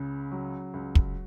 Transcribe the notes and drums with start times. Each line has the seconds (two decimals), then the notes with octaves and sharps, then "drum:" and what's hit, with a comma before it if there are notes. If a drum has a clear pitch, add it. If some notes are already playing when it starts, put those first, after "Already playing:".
Already playing: C#2 C#3
0.31 F#3
0.74 C#2
0.95 drum: kick